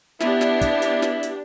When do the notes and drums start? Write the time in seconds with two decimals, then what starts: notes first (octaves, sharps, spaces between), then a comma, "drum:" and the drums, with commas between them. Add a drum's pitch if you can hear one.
0.20 B3 D4 E4 G4, drum: snare
0.41 drum: snare
0.61 drum: kick, hi-hat
0.82 drum: hi-hat
1.02 drum: snare
1.23 drum: hi-hat